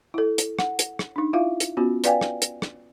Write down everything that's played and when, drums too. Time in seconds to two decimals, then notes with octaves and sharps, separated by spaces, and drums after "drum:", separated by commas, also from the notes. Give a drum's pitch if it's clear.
0.14 E4 A4
0.38 drum: hi-hat
0.59 F#5, drum: rim click
0.79 drum: hi-hat
0.99 drum: rim click
1.16 D4 D#4
1.33 E4 F4 E5 F5
1.60 drum: hi-hat
1.77 B3 C#4 F4 F#4
2.04 B4 D5 F5 G5 G#5, drum: hi-hat
2.21 drum: rim click
2.42 drum: hi-hat
2.62 drum: rim click